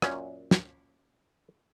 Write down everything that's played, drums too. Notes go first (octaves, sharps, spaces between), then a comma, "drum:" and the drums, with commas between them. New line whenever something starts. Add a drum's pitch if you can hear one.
F#2 A#2 C#4, drum: rim click
drum: snare